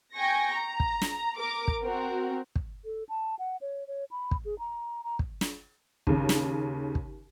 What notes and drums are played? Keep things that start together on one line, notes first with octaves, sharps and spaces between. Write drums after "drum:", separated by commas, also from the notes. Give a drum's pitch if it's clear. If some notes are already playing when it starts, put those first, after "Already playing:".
G5 G#5 C#6 A#6
A#5
drum: kick
drum: snare
A#4 D6
drum: kick
C4 F#4 A#4
drum: kick
A4
A5
F#5
C#5
C#5
B5
drum: kick
G#4
A#5
A#5
drum: kick
drum: snare
D#2 C#3, drum: kick
drum: snare
drum: kick